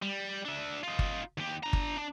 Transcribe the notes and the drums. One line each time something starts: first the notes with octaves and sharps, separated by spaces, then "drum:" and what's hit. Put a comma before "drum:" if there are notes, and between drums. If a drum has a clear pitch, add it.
G3
D4 E5
D#4 F4
drum: kick G1
D#2 G4
D4 A#5
drum: kick G1
D4